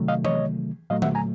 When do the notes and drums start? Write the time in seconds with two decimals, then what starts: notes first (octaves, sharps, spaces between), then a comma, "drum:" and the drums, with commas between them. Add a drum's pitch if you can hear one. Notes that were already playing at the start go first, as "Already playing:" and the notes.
Already playing: C3 D#3 F#3 A3
0.08 D#5 F5
0.25 C#5 D#5, drum: tom E3
0.90 A#2 F#3 A3 D#5 F5
1.02 E5 F#5, drum: tom D3
1.15 G#5 A#5